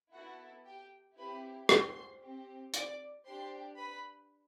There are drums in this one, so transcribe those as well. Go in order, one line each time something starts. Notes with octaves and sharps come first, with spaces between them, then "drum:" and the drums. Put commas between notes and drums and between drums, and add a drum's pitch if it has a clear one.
B3 E4 F#4 A4 F#5
G4 G5
C4 E4 G4 B4 B5
C5 C6, drum: rim click
C4 G4
D5 D6, drum: hi-hat
D4 G4 C5 C6
B4 B5